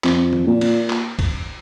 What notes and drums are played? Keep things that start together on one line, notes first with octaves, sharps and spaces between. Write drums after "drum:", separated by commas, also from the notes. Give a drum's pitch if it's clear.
F2, drum: clap
drum: tom D#3
A#2
drum: cymbal
drum: clap
drum: kick, cymbal